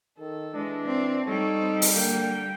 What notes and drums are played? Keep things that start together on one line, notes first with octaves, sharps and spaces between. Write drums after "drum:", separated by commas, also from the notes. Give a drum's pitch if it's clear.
D#3 A4
E3 G#3 D4
C4 D5
G3 D#4 A4 C#5
C4
drum: open hi-hat
D3 A#3 G5